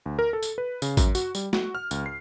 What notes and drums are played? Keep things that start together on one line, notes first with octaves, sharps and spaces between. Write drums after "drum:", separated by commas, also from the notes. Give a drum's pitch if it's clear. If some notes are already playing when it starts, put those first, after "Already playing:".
D2
A#4
A4
drum: tambourine
B4
C#3, drum: tambourine
F#2, drum: kick A1, tambourine
F#4, drum: tambourine
G3, drum: tambourine
F#4, drum: snare
F6
C#2, drum: tambourine
C7